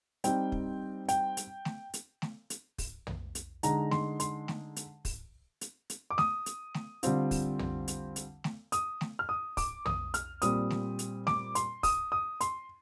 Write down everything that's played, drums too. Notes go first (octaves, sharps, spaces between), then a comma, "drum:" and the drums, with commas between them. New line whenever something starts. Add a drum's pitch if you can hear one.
G3 C4 D#4 G5, drum: hi-hat
drum: kick
G5, drum: hi-hat
drum: hi-hat
drum: snare A3
drum: hi-hat
drum: snare A3
drum: hi-hat
drum: kick, open hi-hat
drum: tom
drum: hi-hat
D3 G#3 D#4 A#5, drum: hi-hat
C6, drum: snare A3
C6, drum: hi-hat
drum: snare A3
drum: hi-hat
drum: kick, open hi-hat
drum: hi-hat
drum: hi-hat
D6
D#6, drum: snare A3
drum: hi-hat
drum: snare A3
D3 G3 C4 F4, drum: hi-hat
drum: kick, open hi-hat
drum: tom
drum: hi-hat
drum: hi-hat
drum: snare A3
D#6, drum: hi-hat
drum: snare A3
F6
D#6
D6, drum: kick, open hi-hat
D#6, drum: tom
F6, drum: hi-hat
A#2 G3 C4 D#6, drum: hi-hat
drum: snare A3
drum: hi-hat
D6, drum: snare A3
C6, drum: hi-hat
D#6, drum: kick, open hi-hat
D#6
C6, drum: hi-hat